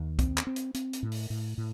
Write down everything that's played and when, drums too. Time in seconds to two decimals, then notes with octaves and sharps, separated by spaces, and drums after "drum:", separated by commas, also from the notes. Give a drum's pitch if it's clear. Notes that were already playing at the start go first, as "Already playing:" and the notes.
Already playing: D#2
0.19 C4, drum: kick, hi-hat
0.38 drum: clap
0.47 C4
0.56 drum: hi-hat
0.74 C4, drum: hi-hat
0.93 drum: hi-hat
1.03 A2
1.12 drum: open hi-hat
1.30 A2
1.58 A2